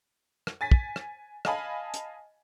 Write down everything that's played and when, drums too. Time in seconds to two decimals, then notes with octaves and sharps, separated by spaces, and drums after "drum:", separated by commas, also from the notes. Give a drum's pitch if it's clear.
0.47 drum: rim click
0.61 G#5 A6 B6
0.71 drum: kick
0.96 drum: rim click
1.45 D#5 F5 G#5 A5 B5, drum: rim click
1.94 drum: hi-hat